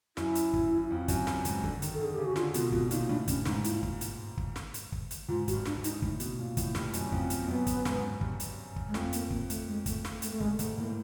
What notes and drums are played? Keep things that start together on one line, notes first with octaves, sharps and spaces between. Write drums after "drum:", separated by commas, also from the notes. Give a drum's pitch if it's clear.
F#2 E4, drum: snare
drum: hi-hat
drum: kick
F2
F#2, drum: kick, hi-hat
G2, drum: snare
G#2, drum: hi-hat
D3, drum: kick
D#3, drum: hi-hat
A4
D3
G#4
C#3 G4
F#4
D3 F4, drum: snare
B2 F4, drum: hi-hat
B2 F4, drum: kick
A#2 D#4, drum: hi-hat
A2 D4
G2 C#4, drum: kick, hi-hat
G#2 D#4, drum: snare
A#2 E4, drum: hi-hat
drum: kick
drum: hi-hat
drum: kick
drum: snare
drum: hi-hat
drum: kick
drum: hi-hat
G#2 F4
F#4, drum: kick, hi-hat
G2
D4, drum: snare
G#2
D#4, drum: hi-hat
A2, drum: kick
B2, drum: hi-hat
A#2
A2, drum: kick, hi-hat
G2, drum: snare
F#2, drum: hi-hat
F2, drum: kick
drum: hi-hat
A#3
F#2 B3
drum: kick, hi-hat
G#2, drum: snare
G2, drum: kick
drum: hi-hat
drum: kick
G#3
F2 A3, drum: snare
A#3, drum: hi-hat
A#3, drum: kick
A3, drum: hi-hat
G#3
A3, drum: kick, hi-hat
A3, drum: snare
A3, drum: hi-hat
A3
G2 G#3, drum: kick
G#2 A3, drum: hi-hat
A2 A#3